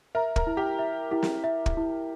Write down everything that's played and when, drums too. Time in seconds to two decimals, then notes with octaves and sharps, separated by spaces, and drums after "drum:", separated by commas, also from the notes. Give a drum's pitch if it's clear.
0.15 A#4 E5
0.36 A#4, drum: kick
0.47 E4
0.57 G4
0.79 E5
1.11 E4 G4
1.23 drum: snare
1.44 E5
1.66 drum: kick
1.77 E4